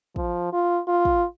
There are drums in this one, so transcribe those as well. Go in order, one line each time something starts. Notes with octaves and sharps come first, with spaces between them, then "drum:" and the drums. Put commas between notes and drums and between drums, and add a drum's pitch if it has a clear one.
F3, drum: kick
F4
F4
drum: kick